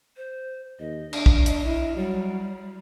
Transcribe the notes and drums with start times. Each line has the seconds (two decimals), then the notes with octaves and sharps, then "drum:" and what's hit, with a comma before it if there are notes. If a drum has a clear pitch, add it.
0.17 C5
0.79 D#2 D#5
1.13 D4, drum: cymbal
1.26 drum: kick
1.46 drum: hi-hat
1.65 E4
1.96 F#3 G3